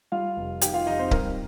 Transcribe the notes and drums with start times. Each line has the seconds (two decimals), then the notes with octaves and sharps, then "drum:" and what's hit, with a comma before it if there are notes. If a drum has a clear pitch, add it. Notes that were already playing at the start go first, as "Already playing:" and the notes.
0.12 G3 F4 F5
0.37 F1
0.61 D#3 G4 G5, drum: hi-hat
0.74 F4 F5
0.87 F2 D#4 D#5
0.99 C4 C5
1.11 G3 A#4, drum: kick C#1